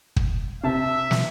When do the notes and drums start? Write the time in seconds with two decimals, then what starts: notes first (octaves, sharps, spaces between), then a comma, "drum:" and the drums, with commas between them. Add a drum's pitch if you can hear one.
0.16 drum: kick
0.64 C3 E5 A5
1.11 drum: snare